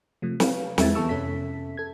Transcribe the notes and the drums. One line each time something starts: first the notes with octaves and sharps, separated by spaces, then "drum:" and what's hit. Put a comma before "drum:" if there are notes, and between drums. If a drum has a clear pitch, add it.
C3 F3 A3
B4 C#5 F5, drum: snare
E2 G#3 E4 E5 G#6 A6, drum: snare
E3 B3 A4 A5 C#6 E6
F2 C3 C#4 A4 E5 B6
A4 G#6